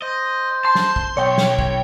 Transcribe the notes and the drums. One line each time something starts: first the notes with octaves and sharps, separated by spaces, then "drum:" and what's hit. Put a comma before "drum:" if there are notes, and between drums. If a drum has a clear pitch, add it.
C5 D#5
A5 C6
drum: snare
drum: kick
B1 C#5 G5
drum: snare
drum: kick